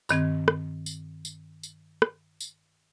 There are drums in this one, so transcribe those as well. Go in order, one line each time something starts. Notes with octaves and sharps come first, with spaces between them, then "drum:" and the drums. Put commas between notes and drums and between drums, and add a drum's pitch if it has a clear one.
G2 D#3 C4 G#6, drum: tambourine
drum: rim click
drum: tambourine
drum: tambourine
drum: tambourine
drum: rim click
drum: tambourine